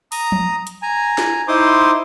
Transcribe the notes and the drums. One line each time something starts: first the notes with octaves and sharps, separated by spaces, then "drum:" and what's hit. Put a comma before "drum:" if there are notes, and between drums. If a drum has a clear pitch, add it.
A#5 D#6, drum: open hi-hat
drum: tom F3
drum: hi-hat
G#5 A#5
drum: snare
D#4 E4 C5 C6 D6 D#6